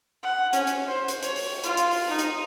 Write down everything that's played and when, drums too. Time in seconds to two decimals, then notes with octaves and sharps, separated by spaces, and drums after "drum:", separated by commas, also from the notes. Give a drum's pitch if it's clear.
0.23 F#5
0.53 C#4, drum: hi-hat
0.67 drum: hi-hat
0.86 C5
1.08 drum: hi-hat
1.22 C#5, drum: hi-hat
1.36 drum: open hi-hat
1.63 F4, drum: hi-hat
1.77 drum: hi-hat
1.91 drum: open hi-hat
2.08 D#4
2.19 drum: hi-hat